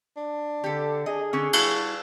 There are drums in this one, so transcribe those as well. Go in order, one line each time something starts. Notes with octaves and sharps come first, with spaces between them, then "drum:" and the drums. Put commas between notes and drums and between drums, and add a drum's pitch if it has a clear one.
D4
D3 G4 A4
G#4 D#5
D3 C#4 A4
G3 E4 F#4 A5, drum: cymbal